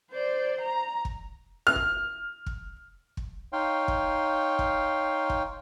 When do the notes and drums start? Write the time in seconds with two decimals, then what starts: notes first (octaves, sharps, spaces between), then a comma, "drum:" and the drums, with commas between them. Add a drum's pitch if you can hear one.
0.11 C5 D5
0.61 A#5
1.05 drum: kick
1.67 F6
1.76 drum: kick
2.46 drum: kick
3.17 drum: kick
3.53 D#4 C#5 F5 G5 C6
3.88 drum: kick
4.59 drum: kick
5.30 drum: kick